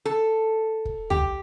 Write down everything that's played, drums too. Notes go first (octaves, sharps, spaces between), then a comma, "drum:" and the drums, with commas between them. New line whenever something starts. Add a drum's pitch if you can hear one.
A4
drum: kick
G4, drum: tom